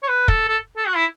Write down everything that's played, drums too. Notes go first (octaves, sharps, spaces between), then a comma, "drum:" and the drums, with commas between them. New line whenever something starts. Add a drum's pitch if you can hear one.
C#5
B4
A4, drum: kick
A4
A4
F#4
E4